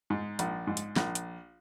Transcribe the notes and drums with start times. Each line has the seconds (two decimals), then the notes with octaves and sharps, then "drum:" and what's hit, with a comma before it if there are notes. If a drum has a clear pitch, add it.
0.10 G#2
0.39 A#1, drum: hi-hat
0.67 G#2
0.77 drum: hi-hat
0.96 A#1, drum: snare
1.15 drum: hi-hat